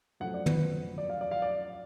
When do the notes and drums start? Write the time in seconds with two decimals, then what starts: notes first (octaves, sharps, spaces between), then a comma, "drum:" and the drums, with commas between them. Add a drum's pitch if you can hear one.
0.20 F#2 F3 A3 F#5
0.34 D5
0.46 B4, drum: tom
0.98 D5
1.09 F5
1.21 D5
1.31 F5
1.42 D5